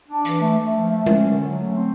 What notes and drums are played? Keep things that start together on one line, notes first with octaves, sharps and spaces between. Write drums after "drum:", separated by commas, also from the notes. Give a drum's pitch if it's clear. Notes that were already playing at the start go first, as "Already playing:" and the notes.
D4
E3, drum: hi-hat
A3
A3
F3
A3
C#4, drum: tom G#3
D3
F#3
A3
C4